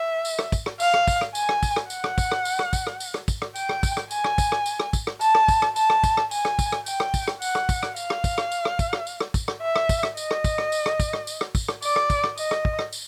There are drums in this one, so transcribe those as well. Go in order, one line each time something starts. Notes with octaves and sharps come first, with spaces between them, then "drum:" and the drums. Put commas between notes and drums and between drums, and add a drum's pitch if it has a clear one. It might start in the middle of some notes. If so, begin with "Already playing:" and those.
Already playing: E5
drum: tambourine
drum: rim click
drum: kick, tambourine
drum: rim click
F5, drum: tambourine
drum: rim click
drum: kick, tambourine
drum: rim click
G#5, drum: tambourine
drum: rim click
drum: kick, tambourine
drum: rim click
F#5, drum: tambourine
drum: rim click
drum: kick, tambourine
drum: rim click
drum: tambourine
drum: rim click
drum: kick, tambourine
drum: rim click
drum: tambourine
drum: rim click
drum: kick, tambourine
drum: rim click
G5, drum: tambourine
drum: rim click
drum: kick, tambourine
drum: rim click
G#5, drum: tambourine
drum: rim click
drum: kick, tambourine
drum: rim click
drum: tambourine
drum: rim click
drum: kick, tambourine
drum: rim click
A5, drum: tambourine
drum: rim click
drum: kick, tambourine
drum: rim click
A5, drum: tambourine
drum: rim click
drum: kick, tambourine
drum: rim click
G#5, drum: tambourine
drum: rim click
drum: kick, tambourine
drum: rim click
G5, drum: tambourine
drum: rim click
drum: kick, tambourine
drum: rim click
F#5, drum: tambourine
drum: rim click
drum: kick, tambourine
drum: rim click
F5, drum: tambourine
drum: rim click
drum: kick, tambourine
drum: rim click
drum: tambourine
drum: rim click
drum: kick, tambourine
drum: rim click
drum: tambourine
drum: rim click
drum: kick, tambourine
drum: rim click
E5
drum: rim click
drum: kick, tambourine
drum: rim click
D#5, drum: tambourine
drum: rim click
drum: kick, tambourine
drum: rim click
drum: tambourine
drum: rim click
drum: kick, tambourine
drum: rim click
drum: tambourine
drum: rim click
drum: kick, tambourine
drum: rim click
D5, drum: tambourine
drum: rim click
drum: kick, tambourine
drum: rim click
D#5, drum: tambourine
drum: rim click
drum: kick
drum: rim click
drum: tambourine